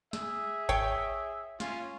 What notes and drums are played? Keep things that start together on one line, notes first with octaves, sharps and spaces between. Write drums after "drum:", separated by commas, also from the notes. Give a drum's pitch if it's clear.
G#4 E5, drum: snare
C#5 G5, drum: kick G#1
C#4 F4, drum: snare